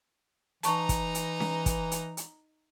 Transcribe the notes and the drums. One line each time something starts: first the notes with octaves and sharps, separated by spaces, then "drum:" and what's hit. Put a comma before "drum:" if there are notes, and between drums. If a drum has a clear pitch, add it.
E3 D#4 A5 A#5 C#6, drum: hi-hat
drum: kick, hi-hat
drum: hi-hat
drum: snare C#4
drum: kick, hi-hat
drum: hi-hat
drum: hi-hat